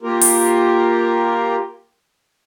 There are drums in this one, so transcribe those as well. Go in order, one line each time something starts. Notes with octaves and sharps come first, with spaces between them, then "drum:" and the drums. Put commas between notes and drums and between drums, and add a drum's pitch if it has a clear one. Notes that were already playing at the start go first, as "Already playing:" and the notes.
A#3 F4 G4 A#4
drum: open hi-hat